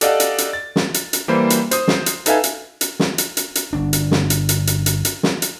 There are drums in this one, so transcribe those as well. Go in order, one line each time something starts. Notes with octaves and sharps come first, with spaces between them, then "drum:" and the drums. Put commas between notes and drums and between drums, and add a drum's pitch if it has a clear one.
G4 A4 D5 D#5 F5 F#5, drum: hi-hat
drum: hi-hat
drum: hi-hat
A6
drum: snare
drum: hi-hat
drum: hi-hat
E3 G3 A#3 C5 B5
drum: hi-hat
C5 D#6, drum: hi-hat
drum: snare
drum: hi-hat
D#4 A4 B4 E5 F5 G#5, drum: hi-hat
drum: hi-hat
drum: hi-hat
drum: snare
drum: hi-hat
drum: hi-hat
drum: hi-hat
G1 D4
drum: hi-hat
drum: snare
drum: hi-hat
drum: hi-hat
drum: hi-hat
drum: hi-hat
drum: hi-hat
drum: snare
drum: hi-hat